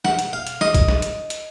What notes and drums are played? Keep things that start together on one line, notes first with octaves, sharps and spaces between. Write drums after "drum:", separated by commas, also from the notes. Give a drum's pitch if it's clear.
F#5, drum: snare
drum: hi-hat
F5
drum: hi-hat
D#5, drum: snare
drum: kick B1, hi-hat
drum: snare
drum: hi-hat
drum: hi-hat